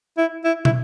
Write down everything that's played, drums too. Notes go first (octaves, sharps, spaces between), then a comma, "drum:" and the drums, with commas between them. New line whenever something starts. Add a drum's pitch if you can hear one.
E4
E4
E4, drum: tom